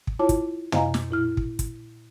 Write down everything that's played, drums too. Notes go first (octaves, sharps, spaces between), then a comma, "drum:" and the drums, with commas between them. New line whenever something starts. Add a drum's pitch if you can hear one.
drum: kick
E4 F4 C#5 A5 D6
drum: kick, hi-hat
E4 C5 D#5 F5 G#5 A#5, drum: tom
drum: snare
A#2 E4 F6
drum: kick
drum: kick, hi-hat